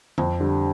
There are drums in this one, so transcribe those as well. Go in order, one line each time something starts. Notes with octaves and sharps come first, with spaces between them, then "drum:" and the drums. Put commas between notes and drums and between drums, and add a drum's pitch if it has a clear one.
F2, drum: tom D3
D3 G3